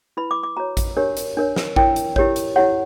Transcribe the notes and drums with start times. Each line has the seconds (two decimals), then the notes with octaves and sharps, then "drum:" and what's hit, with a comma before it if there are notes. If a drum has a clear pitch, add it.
0.17 E4 B4 B5
0.31 D6
0.43 D6
0.57 F#4 C#5 A#5
0.77 drum: kick A1, hi-hat
0.97 D4 G4 A#4 C#5
1.17 drum: hi-hat
1.37 D4 A#4 C#5
1.56 drum: snare
1.76 E4 A#4 C#5 G5, drum: kick A1
1.96 drum: hi-hat
2.16 E4 G4 A#4 C#5, drum: kick A1
2.36 drum: hi-hat
2.56 E4 G4 C#5 F#5